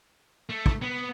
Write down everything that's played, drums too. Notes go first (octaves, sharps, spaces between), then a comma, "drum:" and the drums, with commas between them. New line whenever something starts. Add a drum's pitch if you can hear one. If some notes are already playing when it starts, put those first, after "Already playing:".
A3
drum: kick
B3